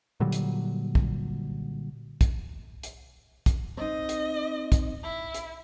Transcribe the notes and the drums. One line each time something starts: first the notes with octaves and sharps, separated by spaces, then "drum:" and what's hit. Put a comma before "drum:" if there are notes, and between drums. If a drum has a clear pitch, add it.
A#2 D3 F#3 G3
drum: hi-hat
drum: kick
drum: kick, hi-hat
drum: hi-hat
drum: kick, hi-hat
C4 D#4 D#5
drum: hi-hat
drum: kick, hi-hat
E4
drum: hi-hat